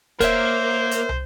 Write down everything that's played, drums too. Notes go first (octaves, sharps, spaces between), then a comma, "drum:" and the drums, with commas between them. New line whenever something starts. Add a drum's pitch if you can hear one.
A#3 A#4 C5 C#5 E5, drum: kick, hi-hat
drum: hi-hat
drum: tom